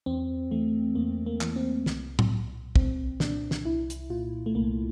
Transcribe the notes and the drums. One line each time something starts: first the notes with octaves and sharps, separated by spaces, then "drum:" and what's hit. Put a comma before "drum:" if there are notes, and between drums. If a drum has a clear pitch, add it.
E2 C4
E3 A3
E2 A#3
A#3
E3, drum: clap
C4
C2, drum: snare
drum: tom
A#2
C2 C4, drum: kick
A#2 D4, drum: snare
drum: snare
C2 E4
drum: hi-hat
A#2 F4
A3
C2 A#3